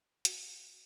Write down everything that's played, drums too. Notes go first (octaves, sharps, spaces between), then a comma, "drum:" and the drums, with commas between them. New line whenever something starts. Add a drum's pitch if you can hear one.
F#4, drum: hi-hat